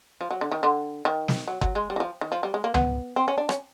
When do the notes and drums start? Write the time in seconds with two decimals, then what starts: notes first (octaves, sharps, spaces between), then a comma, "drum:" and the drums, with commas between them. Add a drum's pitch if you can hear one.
0.21 F3
0.31 F#3
0.41 D3
0.52 D#3
0.63 D3
1.05 D#3
1.28 drum: snare
1.48 F#3
1.61 F#3, drum: kick G1
1.75 G#3
1.90 G3
1.96 E3
2.00 F3
2.21 D#3
2.32 F3
2.43 G3
2.54 G#3
2.64 A#3
2.74 B3, drum: tom C#2
3.16 C4
3.28 C#4
3.38 D4
3.49 C#4, drum: rim click